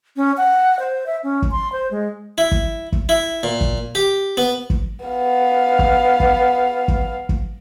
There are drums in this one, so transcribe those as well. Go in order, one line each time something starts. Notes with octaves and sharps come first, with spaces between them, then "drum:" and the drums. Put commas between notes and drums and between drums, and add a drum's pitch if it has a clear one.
C#4
F#5
C5
E5
C#4
drum: kick
C6
C5
G#3
E4
drum: kick
drum: kick
E4
A#2
drum: kick
G4
B3
drum: kick
B3 F5
drum: kick
drum: kick
drum: kick
drum: kick